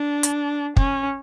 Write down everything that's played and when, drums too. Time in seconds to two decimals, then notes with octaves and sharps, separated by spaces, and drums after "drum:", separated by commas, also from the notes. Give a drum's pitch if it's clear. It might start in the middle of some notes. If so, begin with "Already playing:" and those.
Already playing: D4
0.23 drum: hi-hat
0.77 C#4, drum: kick